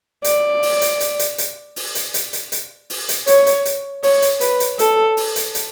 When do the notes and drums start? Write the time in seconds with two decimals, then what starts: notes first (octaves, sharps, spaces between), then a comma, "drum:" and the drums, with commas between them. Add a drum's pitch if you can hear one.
0.24 D5, drum: hi-hat
0.63 drum: open hi-hat
0.82 drum: hi-hat
1.00 drum: hi-hat
1.19 drum: hi-hat
1.38 drum: hi-hat
1.76 drum: open hi-hat
1.95 drum: hi-hat
2.14 drum: hi-hat
2.33 drum: hi-hat
2.52 drum: hi-hat
2.90 drum: open hi-hat
3.09 drum: hi-hat
3.27 C#5, drum: hi-hat
3.47 drum: hi-hat
3.65 drum: hi-hat
4.03 C#5, drum: open hi-hat
4.22 drum: hi-hat
4.41 B4, drum: hi-hat
4.60 drum: hi-hat
4.79 A4, drum: hi-hat
5.17 drum: open hi-hat
5.36 drum: hi-hat
5.55 drum: hi-hat